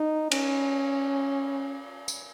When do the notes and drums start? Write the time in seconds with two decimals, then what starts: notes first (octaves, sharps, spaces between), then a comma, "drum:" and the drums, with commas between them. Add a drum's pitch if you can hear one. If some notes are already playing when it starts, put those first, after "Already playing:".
Already playing: D#4
0.32 C#4, drum: cymbal
2.08 drum: tambourine